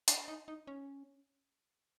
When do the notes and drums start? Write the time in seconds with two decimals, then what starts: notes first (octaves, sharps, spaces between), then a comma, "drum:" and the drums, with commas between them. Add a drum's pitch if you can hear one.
0.08 D4, drum: hi-hat
0.28 D#4
0.48 D#4
0.67 C#4